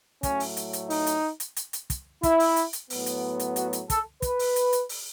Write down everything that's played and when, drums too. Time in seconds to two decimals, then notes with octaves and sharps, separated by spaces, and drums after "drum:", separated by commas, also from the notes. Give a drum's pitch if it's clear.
0.23 A2 F#3 A3 C#4, drum: kick, hi-hat
0.40 drum: open hi-hat
0.57 drum: hi-hat
0.73 drum: hi-hat
0.90 D#4, drum: open hi-hat
1.07 drum: hi-hat
1.40 drum: hi-hat
1.56 drum: hi-hat
1.73 drum: hi-hat
1.90 drum: kick, hi-hat
2.23 E4, drum: kick, hi-hat
2.40 drum: open hi-hat
2.56 drum: hi-hat
2.73 drum: hi-hat
2.90 A2 F#3 B3, drum: open hi-hat
3.06 drum: hi-hat
3.39 drum: hi-hat
3.56 F#4, drum: hi-hat
3.73 drum: hi-hat
3.90 A4, drum: kick, hi-hat
4.22 B4, drum: kick, hi-hat
4.39 drum: open hi-hat
4.56 drum: hi-hat
4.73 drum: hi-hat
4.89 drum: open hi-hat